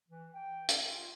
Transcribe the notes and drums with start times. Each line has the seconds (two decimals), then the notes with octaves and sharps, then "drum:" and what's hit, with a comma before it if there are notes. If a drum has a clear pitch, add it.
0.09 E3
0.33 G5
0.69 C#4, drum: hi-hat
0.82 F4